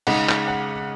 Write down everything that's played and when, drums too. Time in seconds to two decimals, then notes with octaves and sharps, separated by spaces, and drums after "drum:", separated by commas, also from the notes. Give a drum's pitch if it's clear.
0.07 C#3 G#3 D#4 F#5, drum: cymbal
0.29 drum: clap
0.48 F#5